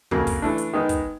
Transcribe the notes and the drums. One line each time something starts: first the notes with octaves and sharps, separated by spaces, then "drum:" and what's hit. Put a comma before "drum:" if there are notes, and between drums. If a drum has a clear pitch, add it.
F2 C#3 F#3 A#3, drum: kick
drum: kick, open hi-hat
E3 A3 D4
drum: hi-hat
D#3 G#3 B3 D#4
drum: kick, hi-hat